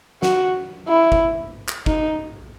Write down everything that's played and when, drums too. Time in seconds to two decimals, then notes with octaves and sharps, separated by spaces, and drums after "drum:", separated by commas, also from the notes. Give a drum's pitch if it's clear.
0.23 F#4, drum: snare
0.88 E4
1.12 drum: kick
1.68 drum: clap
1.86 D#4, drum: kick